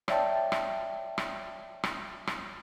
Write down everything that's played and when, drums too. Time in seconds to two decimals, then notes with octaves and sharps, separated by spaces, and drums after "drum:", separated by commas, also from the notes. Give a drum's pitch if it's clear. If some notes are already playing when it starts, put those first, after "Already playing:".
0.08 C#5 D5 E5 G5 A5, drum: rim click
0.52 drum: rim click
1.18 drum: rim click
1.83 drum: rim click
2.27 drum: rim click